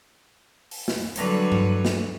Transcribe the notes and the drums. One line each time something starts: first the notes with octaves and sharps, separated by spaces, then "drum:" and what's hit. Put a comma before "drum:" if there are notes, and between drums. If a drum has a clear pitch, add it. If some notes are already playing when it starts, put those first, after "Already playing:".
drum: open hi-hat
drum: snare
D3 F#3 G3 A4 B4 C#5, drum: hi-hat
drum: tom G2
drum: snare